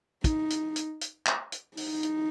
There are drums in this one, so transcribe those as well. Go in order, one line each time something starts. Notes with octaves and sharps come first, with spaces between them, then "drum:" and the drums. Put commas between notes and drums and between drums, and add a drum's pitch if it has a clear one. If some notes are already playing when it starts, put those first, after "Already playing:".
D#4, drum: kick, hi-hat
drum: hi-hat
drum: hi-hat
drum: hi-hat
drum: clap
drum: hi-hat
D#4, drum: open hi-hat
drum: hi-hat